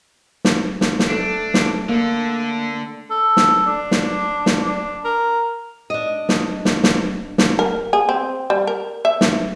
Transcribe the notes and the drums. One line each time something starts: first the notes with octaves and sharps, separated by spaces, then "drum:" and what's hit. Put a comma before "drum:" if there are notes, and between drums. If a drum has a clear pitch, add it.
drum: snare
drum: snare
drum: snare
A3 D4
drum: snare
D3 A#3 A4
A4
drum: snare
D4
drum: snare
drum: snare
D4
A#4
D4 D#5
drum: snare
drum: snare
drum: snare
drum: snare
A#4
G#4
C4
G3
A#4
E5
drum: snare